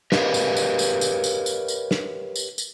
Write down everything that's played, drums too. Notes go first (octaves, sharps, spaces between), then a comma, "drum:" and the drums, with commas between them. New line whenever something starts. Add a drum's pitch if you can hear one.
G4 A#4 B4 C#5 D#5 F5, drum: snare
drum: tambourine
drum: tambourine
drum: tambourine
drum: tambourine
drum: tambourine
drum: tambourine
drum: tambourine
drum: snare
drum: tambourine
drum: tambourine